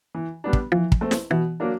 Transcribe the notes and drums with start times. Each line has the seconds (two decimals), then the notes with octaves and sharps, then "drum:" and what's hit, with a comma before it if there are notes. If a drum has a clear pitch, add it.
0.15 E3
0.44 G3 B3 D4
0.53 drum: kick
0.72 E3 F3
0.92 drum: kick
1.01 A3 C4
1.11 drum: snare
1.30 B2 E3
1.60 F#3 A#3 D4